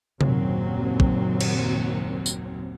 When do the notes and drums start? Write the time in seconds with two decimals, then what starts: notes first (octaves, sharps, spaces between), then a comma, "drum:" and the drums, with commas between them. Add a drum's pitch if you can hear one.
0.21 F#1 D#2 A#2 F#3 C4, drum: tom C3
1.00 drum: kick
1.41 drum: cymbal
2.26 drum: tambourine